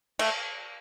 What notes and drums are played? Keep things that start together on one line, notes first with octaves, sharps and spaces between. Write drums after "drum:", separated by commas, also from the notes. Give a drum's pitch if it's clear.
A3, drum: cymbal